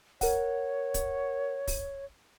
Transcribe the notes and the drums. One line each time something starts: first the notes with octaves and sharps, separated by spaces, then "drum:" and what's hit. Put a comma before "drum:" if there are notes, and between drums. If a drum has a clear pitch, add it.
A#4 C#5 F#5, drum: kick, open hi-hat
drum: kick, hi-hat
drum: kick, open hi-hat